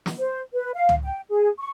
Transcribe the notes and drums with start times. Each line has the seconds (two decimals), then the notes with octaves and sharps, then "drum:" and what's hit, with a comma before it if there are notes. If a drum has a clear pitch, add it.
0.06 drum: snare
0.19 C5
0.53 B4
0.74 F5
0.89 drum: tom
1.04 G5
1.30 G#4
1.59 C#6